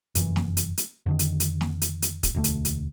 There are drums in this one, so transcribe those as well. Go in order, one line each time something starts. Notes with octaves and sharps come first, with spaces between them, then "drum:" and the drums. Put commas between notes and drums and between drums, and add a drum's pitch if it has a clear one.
F1 F#2 E3, drum: hi-hat
drum: snare
drum: hi-hat
drum: hi-hat
F2 D3 D#3
drum: hi-hat
drum: hi-hat
drum: snare
drum: hi-hat
drum: hi-hat
drum: kick, hi-hat
E1 D2 A3
drum: hi-hat
drum: hi-hat